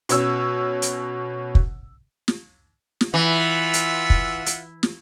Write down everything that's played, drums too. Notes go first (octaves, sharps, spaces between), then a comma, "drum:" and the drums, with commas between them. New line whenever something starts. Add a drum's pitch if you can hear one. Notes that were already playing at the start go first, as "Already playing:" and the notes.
B2 C#4 C#5 E6, drum: hi-hat
drum: hi-hat
drum: kick
drum: snare
drum: snare
E3 F4 E5 F#5
drum: hi-hat
drum: kick
drum: hi-hat
drum: snare